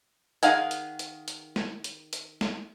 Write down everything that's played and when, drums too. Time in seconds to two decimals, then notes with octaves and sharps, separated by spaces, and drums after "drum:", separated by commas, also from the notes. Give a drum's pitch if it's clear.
0.43 D#3 G#4 F5 F#5 G#5, drum: hi-hat
0.71 drum: hi-hat
0.99 drum: hi-hat
1.28 drum: hi-hat
1.56 drum: snare
1.84 drum: hi-hat
2.13 drum: hi-hat
2.41 drum: snare